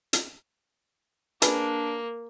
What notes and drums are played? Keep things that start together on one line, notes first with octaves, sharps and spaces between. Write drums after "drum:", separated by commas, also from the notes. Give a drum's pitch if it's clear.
drum: hi-hat
A#3 D4 G#4 B4, drum: hi-hat